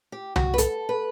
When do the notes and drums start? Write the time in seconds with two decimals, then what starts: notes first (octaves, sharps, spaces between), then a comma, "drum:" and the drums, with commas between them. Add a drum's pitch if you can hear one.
0.12 G4
0.36 F#4, drum: tom C2
0.54 B4
0.58 A4, drum: hi-hat
0.89 B4